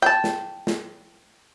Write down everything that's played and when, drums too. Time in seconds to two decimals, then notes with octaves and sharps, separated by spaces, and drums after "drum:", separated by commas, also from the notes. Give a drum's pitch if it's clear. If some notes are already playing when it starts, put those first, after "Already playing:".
0.02 G5 A5
0.24 drum: snare
0.67 drum: snare